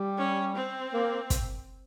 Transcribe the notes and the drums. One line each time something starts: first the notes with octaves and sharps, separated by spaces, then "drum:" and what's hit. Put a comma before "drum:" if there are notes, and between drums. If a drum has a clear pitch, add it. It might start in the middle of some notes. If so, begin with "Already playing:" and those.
Already playing: G3
C#4
C4
A#3
drum: kick, hi-hat